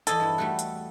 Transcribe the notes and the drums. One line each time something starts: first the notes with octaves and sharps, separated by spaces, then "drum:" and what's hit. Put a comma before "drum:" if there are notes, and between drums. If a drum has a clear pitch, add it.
E2 A4 D#5 G#5, drum: hi-hat
G2 E4
G3 A3 F#4
drum: hi-hat